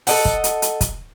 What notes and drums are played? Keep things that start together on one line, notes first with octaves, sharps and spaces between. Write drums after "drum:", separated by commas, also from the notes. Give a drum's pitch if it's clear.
A4 D#5 F#5, drum: open hi-hat
drum: kick
drum: hi-hat
drum: hi-hat
drum: kick, hi-hat